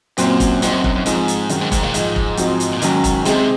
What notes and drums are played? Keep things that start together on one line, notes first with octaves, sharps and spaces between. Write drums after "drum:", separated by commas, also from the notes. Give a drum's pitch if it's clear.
F#2 A#2 F#3 C4, drum: hi-hat
drum: kick E1, hi-hat
G#2 F#3 C4 D#4 F#4, drum: hi-hat
F#2
F#2, drum: kick E1
F#2
G#2 F3 G#3 C4 D#4, drum: hi-hat
drum: hi-hat
F#2 D#3 G#3 D#4, drum: hi-hat
G#2
G#2, drum: kick E1, hi-hat
A#2
G#2 F3 G#3 D#4, drum: hi-hat
drum: kick E1
F3 C4 D#4 F#4, drum: hi-hat
drum: hi-hat
A#2
G#2 D#3 F#3 C#4, drum: hi-hat
drum: kick E1, hi-hat
C3 G#3 C4 D#4 G#4, drum: hi-hat